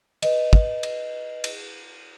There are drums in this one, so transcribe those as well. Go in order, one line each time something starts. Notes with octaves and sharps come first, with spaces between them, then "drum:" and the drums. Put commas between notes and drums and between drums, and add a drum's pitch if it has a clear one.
B4 D#5, drum: cymbal
drum: kick
drum: cymbal
drum: cymbal